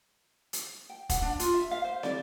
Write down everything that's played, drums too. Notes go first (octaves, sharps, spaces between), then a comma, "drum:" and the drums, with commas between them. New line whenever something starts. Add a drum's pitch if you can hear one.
drum: hi-hat
G5
F#5, drum: kick F1, hi-hat
D4
F4, drum: hi-hat
E5
F5
C5
D5, drum: snare